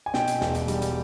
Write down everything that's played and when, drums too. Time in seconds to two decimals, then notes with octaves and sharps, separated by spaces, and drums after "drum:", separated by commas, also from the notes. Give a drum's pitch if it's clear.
0.06 G#5
0.14 B2 G5, drum: snare
0.27 drum: hi-hat
0.41 E1, drum: snare
0.55 drum: hi-hat
0.68 G3, drum: hi-hat
0.82 drum: hi-hat